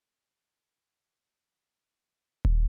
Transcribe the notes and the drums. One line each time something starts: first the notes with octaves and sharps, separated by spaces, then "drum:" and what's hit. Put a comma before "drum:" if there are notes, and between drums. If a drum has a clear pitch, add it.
G#4 A4 B5 F6 G6
D7
E4 C#5 D5 D6
G#5 A6
drum: kick D#1